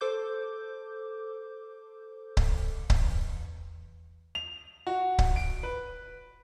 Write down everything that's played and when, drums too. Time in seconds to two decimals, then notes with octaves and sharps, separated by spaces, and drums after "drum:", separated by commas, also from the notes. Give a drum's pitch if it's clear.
0.01 A4 C5 D6 G6
2.37 drum: kick C#1
2.90 drum: kick C#1
3.04 E2
4.35 F7
4.87 F#4
5.19 drum: kick C#1
5.36 D7
5.63 B4